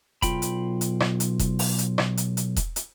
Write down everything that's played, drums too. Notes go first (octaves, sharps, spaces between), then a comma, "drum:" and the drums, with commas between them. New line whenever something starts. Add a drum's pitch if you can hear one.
B1 F4 G5 B5, drum: kick E1, hi-hat
drum: hi-hat
drum: hi-hat
drum: rim click
drum: hi-hat
drum: kick E1, hi-hat
drum: open hi-hat
drum: hi-hat
drum: rim click
drum: hi-hat
drum: hi-hat
drum: kick E1, hi-hat
drum: hi-hat